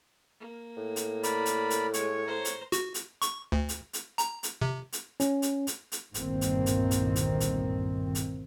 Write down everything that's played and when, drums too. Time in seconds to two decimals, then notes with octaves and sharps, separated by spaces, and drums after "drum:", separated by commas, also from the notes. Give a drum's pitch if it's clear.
0.40 A#3
0.77 A2
0.96 drum: hi-hat
1.23 A#4 D5 B5, drum: hi-hat
1.46 drum: hi-hat
1.70 drum: hi-hat
1.94 G#3 C#5 C#6, drum: hi-hat
2.26 C5 A#5
2.45 drum: hi-hat
2.72 F#4, drum: hi-hat
2.94 drum: hi-hat
3.22 C#6, drum: hi-hat
3.52 D2
3.69 drum: hi-hat
3.93 drum: hi-hat
4.18 A#5, drum: hi-hat
4.43 drum: hi-hat
4.62 C3
4.93 drum: hi-hat
5.20 C#4, drum: hi-hat
5.42 drum: hi-hat
5.67 drum: hi-hat
5.92 drum: hi-hat
6.14 G1 C2 A#2 D#3 A#3 C4, drum: hi-hat
6.41 drum: hi-hat
6.66 drum: hi-hat
6.91 drum: hi-hat
7.16 drum: hi-hat
7.40 drum: hi-hat
8.15 drum: hi-hat